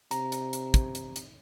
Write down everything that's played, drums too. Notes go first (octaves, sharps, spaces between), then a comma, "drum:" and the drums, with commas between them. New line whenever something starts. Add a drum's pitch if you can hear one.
C3 A#5, drum: hi-hat
drum: hi-hat
drum: hi-hat
drum: kick, hi-hat
drum: hi-hat
drum: hi-hat